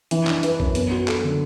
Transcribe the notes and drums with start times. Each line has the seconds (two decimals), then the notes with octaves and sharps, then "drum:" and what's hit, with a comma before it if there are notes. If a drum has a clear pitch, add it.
0.11 E3, drum: hi-hat
0.27 D4, drum: clap
0.43 B4, drum: hi-hat
0.60 F#2, drum: kick
0.75 B3, drum: hi-hat
0.91 F#4
1.08 A4, drum: clap
1.24 D3